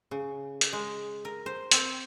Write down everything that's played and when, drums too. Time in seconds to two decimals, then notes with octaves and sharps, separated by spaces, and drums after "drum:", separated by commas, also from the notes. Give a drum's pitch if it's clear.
0.11 C#3
0.61 drum: hi-hat
0.73 G#3
1.25 A#4
1.46 C5
1.71 C4, drum: hi-hat